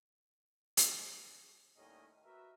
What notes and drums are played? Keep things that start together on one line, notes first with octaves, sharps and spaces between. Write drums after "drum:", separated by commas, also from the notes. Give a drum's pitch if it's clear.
drum: hi-hat
D#2 A2 G3 C#4 A#4 D#5
F#4 A#4 B4 E5